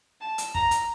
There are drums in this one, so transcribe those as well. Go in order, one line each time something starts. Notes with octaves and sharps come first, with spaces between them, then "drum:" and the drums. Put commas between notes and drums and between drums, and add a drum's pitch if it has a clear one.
A5
drum: hi-hat
A#5, drum: kick
drum: hi-hat